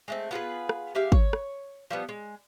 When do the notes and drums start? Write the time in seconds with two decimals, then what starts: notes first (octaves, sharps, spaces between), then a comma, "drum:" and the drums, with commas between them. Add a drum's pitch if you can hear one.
0.08 G#3 A3 C4
0.31 B3 F4 G#4 B4
0.69 drum: rim click
0.95 G#3 G4 E5 F5
1.12 C#5, drum: kick
1.33 drum: rim click
1.90 F3 G3 B3
2.09 G#3